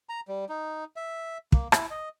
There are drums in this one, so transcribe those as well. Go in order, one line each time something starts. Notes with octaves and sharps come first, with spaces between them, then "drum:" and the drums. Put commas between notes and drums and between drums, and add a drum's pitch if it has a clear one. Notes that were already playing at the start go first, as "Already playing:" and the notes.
A#5
G3
D#4
E5
A#3, drum: kick
E4, drum: rim click
D#5